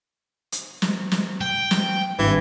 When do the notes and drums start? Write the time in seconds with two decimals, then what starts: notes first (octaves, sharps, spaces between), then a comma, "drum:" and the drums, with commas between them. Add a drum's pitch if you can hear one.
0.52 drum: hi-hat
0.82 drum: snare
1.12 drum: snare
1.41 G5
1.71 drum: snare
2.19 G#1 G2 E3